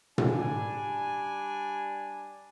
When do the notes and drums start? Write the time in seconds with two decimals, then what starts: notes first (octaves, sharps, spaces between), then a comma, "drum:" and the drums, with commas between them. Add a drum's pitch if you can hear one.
0.18 G3 D4 G#5, drum: tom